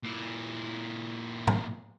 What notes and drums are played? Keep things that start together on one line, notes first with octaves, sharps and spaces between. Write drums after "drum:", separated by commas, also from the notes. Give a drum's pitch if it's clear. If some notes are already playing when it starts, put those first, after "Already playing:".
A#2 E4
drum: tom